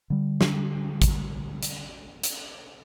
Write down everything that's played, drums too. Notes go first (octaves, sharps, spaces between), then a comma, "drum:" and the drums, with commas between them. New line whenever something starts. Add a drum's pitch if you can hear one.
D3 G3
drum: snare
drum: kick, hi-hat
drum: hi-hat
drum: hi-hat